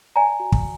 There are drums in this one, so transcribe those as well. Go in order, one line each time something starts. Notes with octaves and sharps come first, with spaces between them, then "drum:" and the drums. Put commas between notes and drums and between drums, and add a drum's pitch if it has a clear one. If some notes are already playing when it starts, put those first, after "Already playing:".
D5 G#5 A#5
F#4
drum: kick